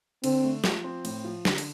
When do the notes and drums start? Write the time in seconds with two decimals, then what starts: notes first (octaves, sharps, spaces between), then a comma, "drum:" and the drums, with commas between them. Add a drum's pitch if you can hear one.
0.24 D3 C4, drum: cymbal
0.44 A3
0.64 F3, drum: snare
0.84 C4
1.05 A2, drum: cymbal
1.25 F3
1.45 D3, drum: snare
1.58 drum: cymbal